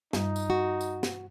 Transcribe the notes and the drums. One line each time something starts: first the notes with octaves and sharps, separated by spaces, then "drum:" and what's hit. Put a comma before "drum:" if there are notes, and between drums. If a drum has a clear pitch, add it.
G2 G3 D#4, drum: snare
drum: tambourine
F#4
drum: tambourine
drum: snare